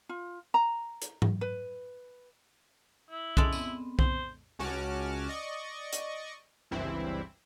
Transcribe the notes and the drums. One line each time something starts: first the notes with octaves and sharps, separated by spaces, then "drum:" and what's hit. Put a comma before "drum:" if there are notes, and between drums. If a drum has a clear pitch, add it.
F4
A#5
drum: hi-hat
drum: tom G#2
B4
E4
G#3 C#4 A4 D5, drum: kick B1
B3 C4, drum: tambourine
C5, drum: kick B1
C#2 C#4 F#4 A5 D6 F6
D5 D#5 C#6
drum: hi-hat
G1 C#2 G2 E3 C4 E4